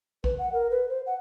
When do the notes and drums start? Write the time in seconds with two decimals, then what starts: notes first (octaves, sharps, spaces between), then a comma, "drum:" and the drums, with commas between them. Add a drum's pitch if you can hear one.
0.24 B4, drum: kick A1
0.38 F#5
0.53 A#4
0.70 B4
0.89 C5
1.06 F#5